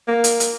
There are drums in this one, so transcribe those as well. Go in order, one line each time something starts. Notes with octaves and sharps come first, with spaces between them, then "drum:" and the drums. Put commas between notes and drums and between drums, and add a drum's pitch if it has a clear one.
A#3
drum: hi-hat
drum: hi-hat